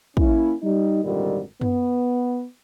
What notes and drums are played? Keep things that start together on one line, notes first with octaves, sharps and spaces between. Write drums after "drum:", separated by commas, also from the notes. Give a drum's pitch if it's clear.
A#3 C#4 E4, drum: kick
G3 D#4
G#1 F2 A#2 D3 D#3 G3
B3, drum: tom F#2